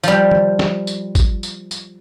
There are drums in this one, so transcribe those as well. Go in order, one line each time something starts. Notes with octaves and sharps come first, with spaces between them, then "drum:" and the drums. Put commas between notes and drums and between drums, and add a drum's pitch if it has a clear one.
F3 G3, drum: tambourine
drum: tom
drum: snare
drum: tambourine
drum: kick G1, tambourine
drum: tambourine
drum: tambourine